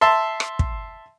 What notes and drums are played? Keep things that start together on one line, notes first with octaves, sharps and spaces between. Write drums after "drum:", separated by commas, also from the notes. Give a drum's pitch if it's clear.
E5 A5 C6
drum: rim click
drum: kick